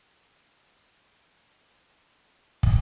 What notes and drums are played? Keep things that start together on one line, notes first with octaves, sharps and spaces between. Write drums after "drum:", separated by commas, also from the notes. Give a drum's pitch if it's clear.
A3 A5 C#6 D6
drum: kick